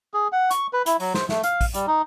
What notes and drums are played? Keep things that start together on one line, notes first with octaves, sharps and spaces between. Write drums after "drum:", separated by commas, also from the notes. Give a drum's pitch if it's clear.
G#4
F#5
C#6, drum: hi-hat
B4
E4, drum: hi-hat
F#3, drum: open hi-hat
C5, drum: snare
A3, drum: snare
F5, drum: hi-hat
drum: kick A1, open hi-hat
G3, drum: hi-hat
D#4